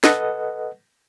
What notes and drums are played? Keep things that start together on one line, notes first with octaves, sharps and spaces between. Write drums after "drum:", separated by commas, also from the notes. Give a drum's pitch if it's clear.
A4 B4 D#5 F#5, drum: snare